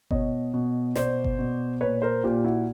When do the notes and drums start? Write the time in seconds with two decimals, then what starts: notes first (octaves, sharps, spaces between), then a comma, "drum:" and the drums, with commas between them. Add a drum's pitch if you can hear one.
0.11 B2 C#5 D#5, drum: kick G1
0.54 B2
0.95 B2 C5 D5, drum: snare
1.24 drum: kick G1
1.39 B2
1.81 A#2 B4 C#5
2.02 A#4 C5
2.24 A#2 F4 G4
2.44 E4 F#4